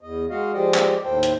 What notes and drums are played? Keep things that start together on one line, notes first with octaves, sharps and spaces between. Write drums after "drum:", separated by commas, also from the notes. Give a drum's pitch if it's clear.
E2 D#5
G#3 F#4 D#5 F5
F3 G#3 G4 D5 D#5
drum: clap
D#2 A2 A4 C5 G5
drum: hi-hat